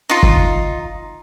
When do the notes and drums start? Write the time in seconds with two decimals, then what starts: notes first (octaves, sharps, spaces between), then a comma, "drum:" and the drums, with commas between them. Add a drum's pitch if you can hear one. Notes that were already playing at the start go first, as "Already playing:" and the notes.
0.09 D#4 F4
0.23 drum: kick